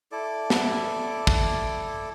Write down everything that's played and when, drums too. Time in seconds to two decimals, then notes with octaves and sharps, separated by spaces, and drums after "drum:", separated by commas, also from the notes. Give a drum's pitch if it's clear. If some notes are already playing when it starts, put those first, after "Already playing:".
0.12 E4 A4 D5 D6
0.50 drum: snare
1.27 drum: kick